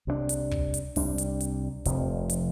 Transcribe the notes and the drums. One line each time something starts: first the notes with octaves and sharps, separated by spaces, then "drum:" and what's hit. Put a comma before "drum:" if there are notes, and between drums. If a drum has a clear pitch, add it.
C2 C3 G3 D4
drum: hi-hat
drum: kick
drum: hi-hat
C2 C3 G3 D4, drum: open hi-hat
drum: hi-hat
drum: hi-hat
F1 F2 C3 F3, drum: hi-hat
drum: hi-hat